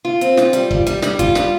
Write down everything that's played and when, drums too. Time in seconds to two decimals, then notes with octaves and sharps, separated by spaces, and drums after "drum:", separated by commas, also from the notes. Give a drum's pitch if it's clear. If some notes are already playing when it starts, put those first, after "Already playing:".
0.05 F4
0.21 C4, drum: hi-hat
0.37 F4, drum: snare
0.53 G3, drum: hi-hat
0.71 G3, drum: kick
0.87 G3, drum: hi-hat
1.02 G3, drum: snare
1.19 F4, drum: kick, hi-hat
1.35 G3, drum: snare